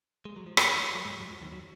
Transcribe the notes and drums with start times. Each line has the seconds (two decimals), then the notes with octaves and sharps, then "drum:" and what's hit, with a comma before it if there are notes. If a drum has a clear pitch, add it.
0.25 G#3
0.36 F#3
0.46 F3
0.57 F#2 F#3, drum: rim click
0.95 F#3
1.05 G#2 G#3
1.20 F#2 F#3
1.31 F2 F3
1.42 D#2 D#3
1.52 F#3